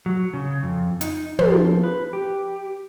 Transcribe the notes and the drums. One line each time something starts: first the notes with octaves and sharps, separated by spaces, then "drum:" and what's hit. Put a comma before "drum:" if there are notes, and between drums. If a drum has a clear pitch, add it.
F#3
C#3
F2
D#4, drum: hi-hat
F3, drum: tom
B4
G4